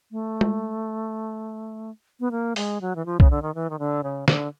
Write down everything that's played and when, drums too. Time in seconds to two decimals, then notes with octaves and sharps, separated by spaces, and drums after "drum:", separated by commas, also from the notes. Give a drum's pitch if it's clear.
0.12 A3
0.41 drum: tom G#3
2.20 B3
2.31 A#3
2.56 G#3, drum: open hi-hat
2.81 F#3
2.96 E3
3.06 F3
3.20 C#3, drum: kick
3.31 D3
3.42 D#3
3.55 E3
3.70 D#3
3.79 D3
4.03 C#3
4.28 D3, drum: snare